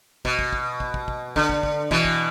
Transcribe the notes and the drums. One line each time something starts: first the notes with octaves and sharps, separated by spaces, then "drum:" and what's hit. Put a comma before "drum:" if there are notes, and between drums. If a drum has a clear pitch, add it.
B2, drum: kick
drum: kick
drum: kick
drum: kick
drum: kick
drum: kick
D3, drum: kick
drum: kick
drum: kick
B2 E3, drum: kick
drum: kick